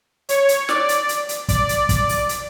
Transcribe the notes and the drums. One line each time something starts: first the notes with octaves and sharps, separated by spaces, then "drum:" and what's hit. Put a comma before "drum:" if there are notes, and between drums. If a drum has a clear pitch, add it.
C#5, drum: hi-hat
drum: hi-hat
D5, drum: snare
drum: hi-hat
drum: hi-hat
drum: hi-hat
D5, drum: kick, hi-hat
drum: hi-hat
drum: kick, hi-hat
drum: open hi-hat
drum: hi-hat